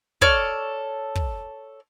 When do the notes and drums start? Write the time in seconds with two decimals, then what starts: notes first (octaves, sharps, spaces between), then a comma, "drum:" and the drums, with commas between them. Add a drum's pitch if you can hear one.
0.21 A4 C#5 D5 F6, drum: kick
1.15 drum: kick